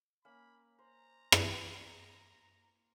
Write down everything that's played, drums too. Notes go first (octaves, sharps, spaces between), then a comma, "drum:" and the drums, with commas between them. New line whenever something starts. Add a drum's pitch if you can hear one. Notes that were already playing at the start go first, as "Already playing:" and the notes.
A#3 C#4 B5
C5 A#5
drum: rim click